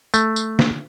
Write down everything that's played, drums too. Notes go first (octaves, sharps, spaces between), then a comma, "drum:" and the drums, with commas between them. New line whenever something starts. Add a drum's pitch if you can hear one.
A3, drum: tambourine
drum: tambourine
drum: snare